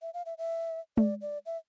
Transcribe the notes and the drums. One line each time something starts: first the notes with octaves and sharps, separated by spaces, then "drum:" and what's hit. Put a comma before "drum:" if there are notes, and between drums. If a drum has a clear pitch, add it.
E5
F5
E5
E5
D5, drum: tom G#3
D5
E5